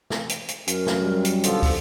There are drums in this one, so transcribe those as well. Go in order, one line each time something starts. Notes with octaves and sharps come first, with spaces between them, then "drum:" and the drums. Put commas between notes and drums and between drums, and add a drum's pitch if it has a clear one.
drum: snare
drum: hi-hat
drum: hi-hat
F#2 A#4, drum: hi-hat
drum: snare
G3
drum: hi-hat
B2 D3 F3 A4, drum: hi-hat
drum: kick, open hi-hat